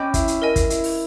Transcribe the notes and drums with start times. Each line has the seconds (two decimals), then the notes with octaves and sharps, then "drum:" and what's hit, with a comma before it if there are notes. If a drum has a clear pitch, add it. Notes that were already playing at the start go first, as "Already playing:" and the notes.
Already playing: C#4 D#5 G5 B5 D6 G6
0.14 E4, drum: kick, hi-hat
0.28 drum: hi-hat
0.42 A#4 D#5 G#5
0.56 drum: kick, hi-hat
0.70 E4, drum: hi-hat
0.84 drum: open hi-hat